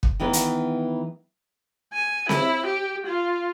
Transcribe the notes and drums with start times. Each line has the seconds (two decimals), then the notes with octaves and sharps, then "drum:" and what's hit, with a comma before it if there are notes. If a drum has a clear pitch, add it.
0.03 drum: kick
0.20 D#3 E3 G#3 B3
0.33 drum: hi-hat
1.93 G#5
2.29 E4, drum: snare C4
2.66 G4
3.06 F4